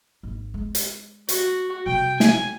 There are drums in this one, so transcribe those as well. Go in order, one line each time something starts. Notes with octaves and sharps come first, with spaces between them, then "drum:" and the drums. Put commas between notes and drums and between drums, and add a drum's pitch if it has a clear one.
G#1
G#3
drum: hi-hat
F#4, drum: hi-hat
C3 G3 G5
G#5, drum: snare